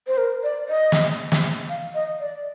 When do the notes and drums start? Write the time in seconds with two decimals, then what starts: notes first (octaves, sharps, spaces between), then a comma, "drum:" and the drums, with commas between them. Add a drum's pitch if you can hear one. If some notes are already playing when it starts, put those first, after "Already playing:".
0.07 C5
0.18 A#4
0.43 D5
0.69 D#5
0.92 drum: snare
1.32 drum: snare
1.69 F5
1.95 D#5
2.20 D5